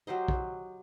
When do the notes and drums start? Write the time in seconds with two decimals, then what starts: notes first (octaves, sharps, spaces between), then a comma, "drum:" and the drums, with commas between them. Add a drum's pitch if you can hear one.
0.07 F#3 G4 C5 D#5
0.28 drum: kick